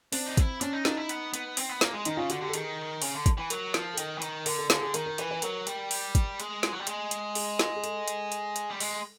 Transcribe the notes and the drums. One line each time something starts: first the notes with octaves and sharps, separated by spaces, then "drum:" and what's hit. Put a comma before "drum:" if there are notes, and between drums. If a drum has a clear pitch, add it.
C4 D4, drum: open hi-hat
D#4
E4, drum: kick, hi-hat
C#4 D4, drum: hi-hat
D#4
D4 D#4, drum: snare
E4
B3, drum: hi-hat
B3, drum: hi-hat
C4, drum: open hi-hat
B3
A#3, drum: snare
G#3
D#3 D#4, drum: hi-hat
C#3 F4
D3 F#4, drum: hi-hat
D3 G4
A4
D#3 G#4, drum: hi-hat
C#3, drum: open hi-hat
D3
drum: kick, hi-hat
E3
F#3 A#4, drum: hi-hat
F3, drum: snare
A4
D#3 A#4, drum: hi-hat
E3
D#3, drum: hi-hat
D3 A#4, drum: open hi-hat
A4
D3 G#4, drum: snare
G#4
D#3 A#4, drum: hi-hat
A#4
E3 B4, drum: hi-hat
B4
F#3 A#4, drum: hi-hat
G3, drum: hi-hat
drum: open hi-hat
drum: kick, hi-hat
G#3, drum: hi-hat
drum: snare
F#3
G3
G#3, drum: hi-hat
drum: hi-hat
G#4, drum: open hi-hat
drum: snare
G#4
A4, drum: hi-hat
drum: hi-hat
drum: hi-hat
drum: hi-hat
G3
G#3, drum: open hi-hat